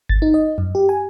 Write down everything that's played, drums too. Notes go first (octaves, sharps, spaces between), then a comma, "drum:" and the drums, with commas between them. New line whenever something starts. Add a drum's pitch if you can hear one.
A6, drum: kick G1
D#4
D#5
F#2
G4
G#5